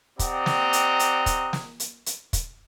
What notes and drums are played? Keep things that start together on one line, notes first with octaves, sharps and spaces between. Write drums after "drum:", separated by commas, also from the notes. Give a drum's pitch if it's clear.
C4 G4 D5 D#5 F#5 A#5, drum: kick, hi-hat
drum: snare
drum: hi-hat
drum: hi-hat
drum: kick, hi-hat
drum: snare
drum: hi-hat
drum: hi-hat
drum: kick, hi-hat